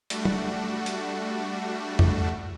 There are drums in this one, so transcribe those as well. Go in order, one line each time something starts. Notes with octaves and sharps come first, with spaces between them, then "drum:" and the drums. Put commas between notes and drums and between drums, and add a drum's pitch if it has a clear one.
G3 A3 D4 F#4, drum: hi-hat
drum: tom
drum: hi-hat
drum: tom